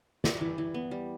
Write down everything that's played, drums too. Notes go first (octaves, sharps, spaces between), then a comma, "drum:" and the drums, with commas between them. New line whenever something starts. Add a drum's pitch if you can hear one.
G3 D5 E5, drum: snare
E3
E3
B3
G3